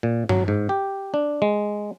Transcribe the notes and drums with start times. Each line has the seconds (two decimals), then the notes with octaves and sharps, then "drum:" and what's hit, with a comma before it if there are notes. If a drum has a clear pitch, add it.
0.03 A#2
0.29 F#3, drum: tom G2
0.48 G#2
0.69 G4
1.14 D4
1.42 G#3